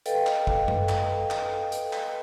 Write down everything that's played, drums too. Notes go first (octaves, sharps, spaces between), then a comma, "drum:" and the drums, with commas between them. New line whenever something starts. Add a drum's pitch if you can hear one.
A4 B4 D#5 F5 G5, drum: hi-hat
drum: clap
drum: kick
drum: tom F#2
drum: clap
drum: clap
drum: hi-hat
drum: clap